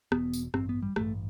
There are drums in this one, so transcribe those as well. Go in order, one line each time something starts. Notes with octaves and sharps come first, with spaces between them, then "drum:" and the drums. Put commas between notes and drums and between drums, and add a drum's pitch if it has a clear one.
E1 E2 B2 B3, drum: rim click
drum: tambourine
A1 G2 C4, drum: rim click
B3
G3
A1 G2 A3, drum: rim click